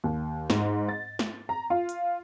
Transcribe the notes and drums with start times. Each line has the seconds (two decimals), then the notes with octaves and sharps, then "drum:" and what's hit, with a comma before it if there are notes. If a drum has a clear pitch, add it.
0.04 D#2
0.50 G#2, drum: snare
0.89 A6
1.19 drum: snare
1.49 A#5
1.70 F4
1.89 drum: hi-hat